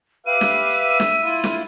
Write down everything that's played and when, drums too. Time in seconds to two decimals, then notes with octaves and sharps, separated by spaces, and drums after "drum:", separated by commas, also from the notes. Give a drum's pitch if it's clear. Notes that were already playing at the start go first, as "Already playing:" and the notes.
0.26 G4 B4 E5 F5 D#7
0.41 drum: snare
0.70 drum: hi-hat
1.00 drum: snare
1.23 E4 F4
1.44 drum: snare